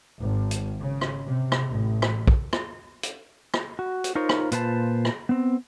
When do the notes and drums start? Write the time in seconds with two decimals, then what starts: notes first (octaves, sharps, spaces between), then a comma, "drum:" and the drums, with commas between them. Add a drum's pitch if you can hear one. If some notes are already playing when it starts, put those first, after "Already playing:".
0.20 G#1
0.51 drum: hi-hat
0.81 C#3
1.01 drum: rim click
1.27 C3
1.52 drum: rim click
1.70 A1
2.02 drum: rim click
2.28 drum: kick
2.53 drum: rim click
3.03 drum: hi-hat
3.54 drum: rim click
3.79 F#4
4.04 drum: hi-hat
4.15 D#4 F4 A#4 C5 C#5
4.29 drum: rim click
4.52 A#2 F4 B4 C5 G#5 A5, drum: hi-hat
5.05 drum: rim click
5.29 B3 C4